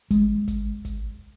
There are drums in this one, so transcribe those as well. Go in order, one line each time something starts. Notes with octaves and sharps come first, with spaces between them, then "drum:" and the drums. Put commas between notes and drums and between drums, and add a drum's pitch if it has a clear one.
G#3, drum: kick G1, hi-hat
drum: kick G1, hi-hat
drum: kick G1, hi-hat